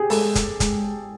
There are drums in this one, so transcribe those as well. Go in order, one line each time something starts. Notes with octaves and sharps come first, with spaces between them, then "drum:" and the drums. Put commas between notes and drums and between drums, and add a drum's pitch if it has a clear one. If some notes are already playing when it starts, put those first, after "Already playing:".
Already playing: G4 G#4
G#3 A4, drum: open hi-hat
drum: kick, hi-hat
G#3, drum: kick, hi-hat